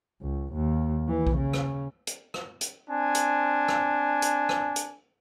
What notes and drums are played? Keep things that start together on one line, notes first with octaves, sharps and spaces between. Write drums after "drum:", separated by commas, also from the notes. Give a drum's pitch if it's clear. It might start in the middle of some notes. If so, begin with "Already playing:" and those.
C#2
D#2
E3
drum: kick B1
C#3
drum: rim click
drum: hi-hat
drum: rim click
drum: hi-hat
C4 D4 G#5
drum: hi-hat
drum: rim click
drum: hi-hat
drum: rim click
drum: hi-hat